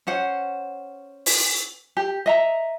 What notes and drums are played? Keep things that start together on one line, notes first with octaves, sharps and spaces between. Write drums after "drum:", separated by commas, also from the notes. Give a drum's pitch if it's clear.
C#4 C5 F#5
drum: open hi-hat
G4
D#5 E5 A#5